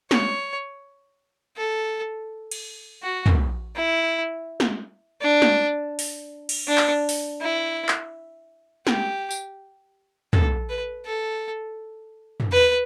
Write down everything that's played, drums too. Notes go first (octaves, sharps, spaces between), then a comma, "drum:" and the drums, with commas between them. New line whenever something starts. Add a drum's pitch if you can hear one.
C#5, drum: snare
A4
drum: cymbal
F#4
drum: tom
E4
drum: snare
D4
drum: snare
drum: open hi-hat
drum: cymbal
D4
drum: clap
drum: open hi-hat
E4
drum: clap
G4, drum: snare
drum: tambourine
A4, drum: tom
B4
A4
drum: tom
B4